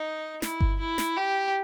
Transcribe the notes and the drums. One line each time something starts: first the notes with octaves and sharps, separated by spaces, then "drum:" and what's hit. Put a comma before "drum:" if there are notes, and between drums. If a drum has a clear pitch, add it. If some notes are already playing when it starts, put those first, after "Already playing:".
Already playing: D#4
E4, drum: snare
drum: kick G1
E4
drum: snare
G4